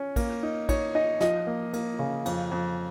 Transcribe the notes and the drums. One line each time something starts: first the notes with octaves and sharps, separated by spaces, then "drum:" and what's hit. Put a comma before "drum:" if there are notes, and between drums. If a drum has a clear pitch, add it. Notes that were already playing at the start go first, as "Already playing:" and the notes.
Already playing: C#4
A#3, drum: kick, cymbal
D#4
D#4 C#5, drum: kick, cymbal
D#4 D#5
F3 D#5, drum: snare
A#3
A#3, drum: cymbal
C#3
F2, drum: cymbal
F2